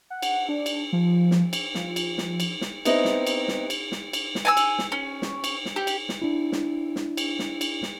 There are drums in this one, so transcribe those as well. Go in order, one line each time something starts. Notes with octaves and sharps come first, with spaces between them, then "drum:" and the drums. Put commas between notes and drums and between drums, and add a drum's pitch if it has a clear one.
F#5
drum: cymbal
D4
drum: cymbal
F3
drum: snare
drum: cymbal
F3, drum: snare
drum: cymbal
drum: snare
drum: cymbal
drum: snare
B3 C4 D#4 E4 D#5, drum: cymbal
drum: snare
drum: cymbal
drum: snare
drum: cymbal
drum: snare
drum: cymbal
drum: snare
G#5 A5 E6
drum: cymbal
drum: snare
C#4
drum: snare
drum: cymbal
drum: snare
G4
drum: cymbal
drum: snare
D4 E4
drum: snare
drum: snare
drum: cymbal
drum: snare
drum: cymbal
drum: snare